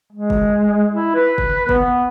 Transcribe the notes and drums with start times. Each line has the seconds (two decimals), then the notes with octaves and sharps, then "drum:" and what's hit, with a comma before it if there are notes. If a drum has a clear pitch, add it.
0.13 G#3
0.30 drum: kick
0.92 E4
1.15 B4
1.38 drum: kick
1.69 B3, drum: kick